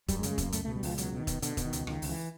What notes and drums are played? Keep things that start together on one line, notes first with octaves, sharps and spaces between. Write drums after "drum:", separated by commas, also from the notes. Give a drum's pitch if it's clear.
F#2 G3, drum: kick E1, hi-hat
G#3
C#3, drum: hi-hat
G#3
F#2 A#3, drum: kick E1, hi-hat
C#2 A3, drum: hi-hat
B2 A3
G3
C#2 F3, drum: open hi-hat
B2 F#3, drum: hi-hat
B2
D#3
B2, drum: kick E1, hi-hat
B2 D3, drum: hi-hat
B2, drum: kick E1, hi-hat
D#3
C#2, drum: hi-hat
C#2 D#3, drum: rim click
C#2, drum: open hi-hat
E3